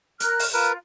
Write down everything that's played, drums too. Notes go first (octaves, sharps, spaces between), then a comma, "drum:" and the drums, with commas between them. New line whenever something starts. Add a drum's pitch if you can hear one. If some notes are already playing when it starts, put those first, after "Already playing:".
A#4 F6 F#6, drum: hi-hat
drum: open hi-hat
F4 A#4 B4